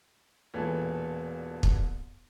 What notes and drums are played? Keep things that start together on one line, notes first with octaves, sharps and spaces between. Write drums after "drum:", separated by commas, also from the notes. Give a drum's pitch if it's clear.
E1 A#2 E3 A4
drum: kick